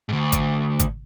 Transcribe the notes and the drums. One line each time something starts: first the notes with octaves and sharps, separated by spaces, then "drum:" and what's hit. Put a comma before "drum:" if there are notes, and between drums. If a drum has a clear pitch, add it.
D2 G#2
drum: kick G#1, hi-hat
drum: kick G#1, hi-hat